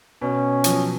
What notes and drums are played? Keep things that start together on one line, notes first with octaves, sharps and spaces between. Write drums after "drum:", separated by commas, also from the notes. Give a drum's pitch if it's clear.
B2 C#4
F3, drum: hi-hat
F#3